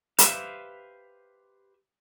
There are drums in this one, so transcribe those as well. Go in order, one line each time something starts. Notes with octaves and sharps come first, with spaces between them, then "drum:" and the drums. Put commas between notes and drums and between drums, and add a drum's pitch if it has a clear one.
G4 B4 C5 E5 F5, drum: hi-hat